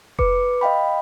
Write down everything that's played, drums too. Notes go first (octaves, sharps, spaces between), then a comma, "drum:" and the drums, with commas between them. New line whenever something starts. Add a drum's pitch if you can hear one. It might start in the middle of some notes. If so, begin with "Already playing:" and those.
B4 D6 C#7, drum: kick F1
D#5 F5 G5 B5